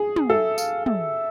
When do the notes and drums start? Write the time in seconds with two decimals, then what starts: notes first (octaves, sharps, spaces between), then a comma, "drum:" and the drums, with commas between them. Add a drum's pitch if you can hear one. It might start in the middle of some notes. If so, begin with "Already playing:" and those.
Already playing: G#4
0.16 drum: tom
0.30 A4 E5
0.58 F5, drum: tambourine
0.86 E5, drum: tom